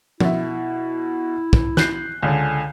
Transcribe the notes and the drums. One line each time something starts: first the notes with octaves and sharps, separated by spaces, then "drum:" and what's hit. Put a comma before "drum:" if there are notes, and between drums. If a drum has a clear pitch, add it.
B2 E4 E5, drum: tom F3
drum: kick
F#6 G6 C7, drum: snare
C#2 D3 G#5